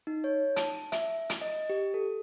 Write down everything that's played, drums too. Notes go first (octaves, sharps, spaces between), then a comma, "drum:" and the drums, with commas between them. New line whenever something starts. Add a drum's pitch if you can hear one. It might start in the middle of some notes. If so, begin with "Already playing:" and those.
D#4
C#5
A5, drum: hi-hat
E5, drum: hi-hat
drum: hi-hat
D#5
G4
A4